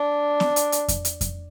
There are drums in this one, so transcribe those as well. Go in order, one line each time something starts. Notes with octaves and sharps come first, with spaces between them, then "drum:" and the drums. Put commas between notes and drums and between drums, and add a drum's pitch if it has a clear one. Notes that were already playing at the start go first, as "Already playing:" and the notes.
Already playing: D4
drum: snare
drum: hi-hat
drum: hi-hat
drum: kick F2, hi-hat
drum: hi-hat
drum: kick F2, hi-hat